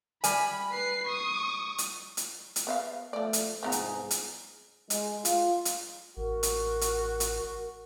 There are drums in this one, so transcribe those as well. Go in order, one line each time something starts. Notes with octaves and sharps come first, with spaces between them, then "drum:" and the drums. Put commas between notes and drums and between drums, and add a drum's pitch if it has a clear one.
G3 G#5 B5, drum: hi-hat
B4 C7
C#6 D#6
drum: hi-hat
drum: hi-hat
drum: hi-hat
B3 E5 F5
F3 A3 D5
drum: hi-hat
C2 G#2 F3 B3 G#4 A#5
drum: hi-hat
drum: hi-hat
G#3, drum: hi-hat
F4, drum: hi-hat
drum: hi-hat
A1 F#4 A#4
drum: hi-hat
drum: hi-hat
drum: hi-hat